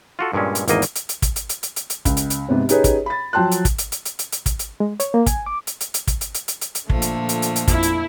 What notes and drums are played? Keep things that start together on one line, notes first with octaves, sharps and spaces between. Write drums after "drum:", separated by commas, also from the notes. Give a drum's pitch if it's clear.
F4 F#4 A4
G2 A#2 G#3 C#4
drum: hi-hat
G#1 E2 A#3 D#5, drum: hi-hat
drum: hi-hat
drum: hi-hat
drum: hi-hat
drum: kick, hi-hat
drum: hi-hat
drum: hi-hat
drum: hi-hat
drum: hi-hat
drum: hi-hat
C#2, drum: kick, hi-hat
drum: hi-hat
drum: hi-hat
G#2 C3 B3 C4
C#4 D#4 G4 G#4 B4 C#5, drum: hi-hat
drum: kick, hi-hat
B5 A6
F3 F#3 G5 A5 C6 F#6
drum: hi-hat
drum: kick, hi-hat
drum: hi-hat
drum: hi-hat
drum: hi-hat
drum: hi-hat
drum: hi-hat
drum: kick, hi-hat
drum: hi-hat
G#3
C#5, drum: hi-hat
A#3
G#5, drum: kick, hi-hat
D6
drum: hi-hat
drum: hi-hat
drum: hi-hat
drum: kick, hi-hat
drum: hi-hat
drum: hi-hat
drum: hi-hat
drum: hi-hat
drum: hi-hat
A#2 D3 F3 A3, drum: kick
drum: hi-hat
drum: hi-hat
drum: hi-hat
drum: hi-hat
F2 E4, drum: kick, hi-hat
drum: hi-hat